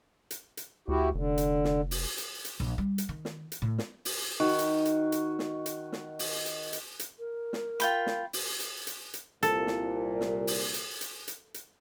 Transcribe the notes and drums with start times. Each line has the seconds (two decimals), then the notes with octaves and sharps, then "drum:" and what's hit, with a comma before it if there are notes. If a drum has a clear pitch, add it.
0.31 drum: hi-hat
0.57 drum: hi-hat
0.88 D2 E4 F#4 G4
1.15 F1 D3
1.38 drum: hi-hat
1.64 drum: snare
1.91 drum: open hi-hat
2.18 drum: hi-hat
2.45 drum: hi-hat
2.60 A#1
2.78 G3
2.98 drum: hi-hat
3.09 D#3
3.25 drum: snare
3.52 drum: hi-hat
3.62 A2
3.78 drum: snare
4.05 drum: open hi-hat
4.40 D#3 F#4
4.59 drum: hi-hat
4.85 drum: hi-hat
5.12 drum: hi-hat
5.39 drum: snare
5.66 drum: hi-hat
5.92 drum: snare
6.19 drum: open hi-hat
6.46 drum: hi-hat
6.73 drum: hi-hat
6.99 drum: hi-hat
7.19 A#4
7.53 drum: snare
7.80 F4 G5 B5, drum: hi-hat
8.07 drum: snare
8.33 drum: open hi-hat
8.60 drum: hi-hat
8.87 drum: hi-hat
9.14 drum: hi-hat
9.43 C2 A#2 A4, drum: hi-hat
9.67 drum: snare
10.21 drum: snare
10.47 drum: open hi-hat
10.74 drum: hi-hat
11.01 drum: hi-hat
11.28 drum: hi-hat
11.54 drum: hi-hat